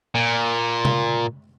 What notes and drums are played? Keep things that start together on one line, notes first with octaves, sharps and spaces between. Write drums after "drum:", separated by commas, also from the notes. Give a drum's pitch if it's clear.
A#2
drum: tom C3